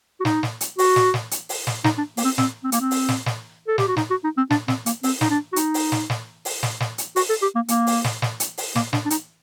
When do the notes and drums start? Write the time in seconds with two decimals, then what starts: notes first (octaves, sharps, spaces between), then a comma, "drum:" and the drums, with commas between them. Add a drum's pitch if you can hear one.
0.20 F#4
0.25 D#4, drum: snare
0.43 drum: snare
0.61 drum: hi-hat
0.79 F#4, drum: open hi-hat
0.96 drum: snare
1.14 drum: snare
1.31 drum: hi-hat
1.49 drum: open hi-hat
1.67 drum: snare
1.84 D#4, drum: snare
1.98 D4
2.17 A#3, drum: open hi-hat
2.24 C4
2.38 C4, drum: snare
2.64 C4
2.72 A#3, drum: hi-hat
2.81 C4
2.91 drum: open hi-hat
3.09 drum: snare
3.26 drum: snare
3.67 A4
3.78 G4, drum: snare
3.88 F#4
3.96 D#4, drum: snare
4.10 F#4
4.24 D#4
4.37 C4
4.50 D4, drum: snare
4.68 C4, drum: snare
4.86 A#3, drum: hi-hat
5.03 C4, drum: open hi-hat
5.21 D#4, drum: snare
5.30 D4
5.53 F#4
5.56 D#4, drum: hi-hat
5.74 drum: open hi-hat
5.92 drum: snare
6.10 drum: snare
6.45 drum: open hi-hat
6.63 drum: snare
6.80 drum: snare
6.98 drum: hi-hat
7.16 F#4, drum: open hi-hat
7.29 A4
7.42 G4
7.55 A#3
7.68 A#3, drum: hi-hat
7.87 drum: open hi-hat
8.04 drum: snare
8.22 drum: snare
8.40 drum: hi-hat
8.58 drum: open hi-hat
8.75 A#3, drum: snare
8.93 D4, drum: snare
9.05 D4
9.10 D#4, drum: hi-hat